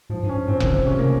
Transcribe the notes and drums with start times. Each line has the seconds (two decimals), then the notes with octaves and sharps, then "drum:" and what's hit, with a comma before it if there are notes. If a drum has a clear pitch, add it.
0.10 G#2 F3
0.23 G2
0.29 C#4
0.35 G2
0.48 G#2 C4
0.60 D#3, drum: kick F1
0.73 C#3
0.85 C3 C#4
0.99 A#3